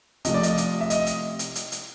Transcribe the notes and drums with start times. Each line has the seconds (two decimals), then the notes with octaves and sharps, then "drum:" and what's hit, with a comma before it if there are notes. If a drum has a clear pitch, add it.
0.25 C3 F3 A3 D#5, drum: hi-hat
0.34 D5
0.43 D#5, drum: hi-hat
0.58 drum: hi-hat
0.81 E5
0.90 D#5, drum: hi-hat
1.07 drum: hi-hat
1.39 drum: hi-hat
1.55 drum: hi-hat
1.72 drum: hi-hat